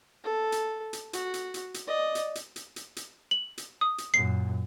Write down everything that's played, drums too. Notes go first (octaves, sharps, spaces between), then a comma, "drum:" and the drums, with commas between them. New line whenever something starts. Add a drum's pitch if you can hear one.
A4
drum: hi-hat
drum: hi-hat
F#4, drum: hi-hat
drum: hi-hat
drum: hi-hat
drum: hi-hat
D5 D#5
drum: hi-hat
drum: hi-hat
drum: hi-hat
drum: hi-hat
drum: hi-hat
F#7
drum: hi-hat
D#6
drum: hi-hat
F#2 A#2 C7